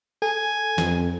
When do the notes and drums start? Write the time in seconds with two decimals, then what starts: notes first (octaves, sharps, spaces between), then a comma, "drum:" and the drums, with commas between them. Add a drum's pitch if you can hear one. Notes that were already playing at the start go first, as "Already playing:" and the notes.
0.22 A4 G#5
0.78 F2, drum: snare